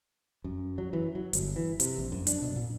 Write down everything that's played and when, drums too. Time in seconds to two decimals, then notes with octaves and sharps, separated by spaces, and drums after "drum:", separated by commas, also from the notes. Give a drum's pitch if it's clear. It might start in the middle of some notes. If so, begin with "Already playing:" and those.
0.44 F#2
0.78 F#3
0.93 E3
1.15 F#3
1.33 G1, drum: hi-hat
1.56 E3
1.80 C3, drum: hi-hat
1.98 A#1
2.12 F#2
2.27 D4, drum: hi-hat
2.42 B2
2.56 A#2